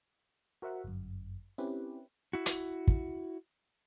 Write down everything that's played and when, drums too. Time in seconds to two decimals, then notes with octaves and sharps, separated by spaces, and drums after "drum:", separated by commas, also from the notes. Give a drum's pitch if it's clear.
0.62 F#4 A#4 C5 E5 F#5
0.84 G1 F#2
1.58 C4 C#4 E4 G4 B4
2.33 E4 F#4
2.46 drum: hi-hat
2.88 drum: kick